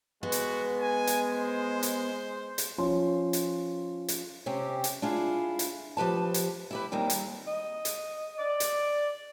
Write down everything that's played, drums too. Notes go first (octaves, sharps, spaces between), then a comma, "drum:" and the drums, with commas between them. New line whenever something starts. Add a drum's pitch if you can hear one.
G#3 B3 F#4
drum: hi-hat
G#5
drum: hi-hat
C5
drum: hi-hat
drum: hi-hat
F3 C#4 C6
drum: hi-hat
drum: hi-hat
C3 C4 C#4 G4
drum: hi-hat
D4 E4 F4 G#4
drum: hi-hat
F3 G4 B4 A5
drum: hi-hat
E4 G4 B4
D#2 G3 A#3 C4 D#4
drum: hi-hat
D#5
drum: hi-hat
D5
drum: hi-hat